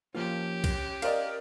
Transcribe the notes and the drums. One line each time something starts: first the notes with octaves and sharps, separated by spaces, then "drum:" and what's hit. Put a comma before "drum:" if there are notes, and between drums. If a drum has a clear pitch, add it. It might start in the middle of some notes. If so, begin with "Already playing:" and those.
F3 A#3 C#4 F4 G4
drum: kick B1, cymbal
A#4 D5 D#5 F5, drum: cymbal